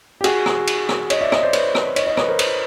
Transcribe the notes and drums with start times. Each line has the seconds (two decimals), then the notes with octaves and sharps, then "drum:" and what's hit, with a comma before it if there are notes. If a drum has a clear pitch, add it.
0.21 G4
0.24 F#4 G#4, drum: cymbal
0.46 drum: rim click
0.67 drum: cymbal
0.89 drum: rim click
1.10 C#5 D#5, drum: cymbal
1.21 D5 E5
1.32 C#5 D#5, drum: rim click
1.43 C5 D5
1.53 B4 C#5, drum: cymbal
1.75 drum: rim click
1.96 C#5 D#5, drum: cymbal
2.07 C#5 D#5
2.17 B4 C#5, drum: rim click
2.28 A#4 C5
2.39 A#4 C5, drum: cymbal